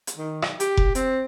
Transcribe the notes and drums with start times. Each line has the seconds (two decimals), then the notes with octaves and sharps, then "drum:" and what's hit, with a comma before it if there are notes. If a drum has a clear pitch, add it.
0.07 drum: hi-hat
0.17 D#3
0.42 drum: rim click
0.60 G4, drum: hi-hat
0.77 drum: kick F1
0.95 C4, drum: hi-hat